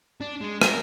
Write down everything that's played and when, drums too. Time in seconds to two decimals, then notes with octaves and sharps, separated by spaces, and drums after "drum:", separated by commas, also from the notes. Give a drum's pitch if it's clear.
0.21 D4
0.41 G#3
0.61 A#4, drum: rim click